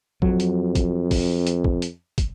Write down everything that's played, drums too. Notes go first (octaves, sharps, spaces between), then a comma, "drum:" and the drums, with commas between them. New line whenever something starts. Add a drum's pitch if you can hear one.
F2 F#3, drum: kick
drum: hi-hat
drum: kick, hi-hat
drum: kick, open hi-hat
drum: hi-hat
drum: kick
drum: hi-hat
drum: kick, hi-hat